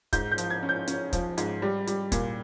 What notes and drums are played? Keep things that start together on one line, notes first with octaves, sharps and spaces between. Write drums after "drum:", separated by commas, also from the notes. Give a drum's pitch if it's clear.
G#2 G6, drum: kick, hi-hat
G6
F3, drum: hi-hat
G#6
C#4
G6
C#4, drum: hi-hat
F3, drum: kick, hi-hat
G#2, drum: hi-hat
G3
G3, drum: hi-hat
A#2, drum: kick, hi-hat